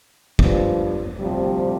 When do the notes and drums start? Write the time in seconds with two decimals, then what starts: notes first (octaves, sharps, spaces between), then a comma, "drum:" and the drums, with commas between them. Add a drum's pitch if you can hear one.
0.39 G2 F3, drum: kick
1.20 D2 C3 F3 G3